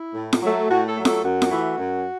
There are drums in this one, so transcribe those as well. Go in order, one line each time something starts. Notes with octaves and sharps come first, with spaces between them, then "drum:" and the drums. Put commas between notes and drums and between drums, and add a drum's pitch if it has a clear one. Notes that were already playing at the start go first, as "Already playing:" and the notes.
Already playing: E4
A2
drum: snare F4
F#3 A3
A2 F#4
A4
F#3 A3
A4, drum: snare F4
F#2 F#4
drum: snare F4
E3 A3
F#2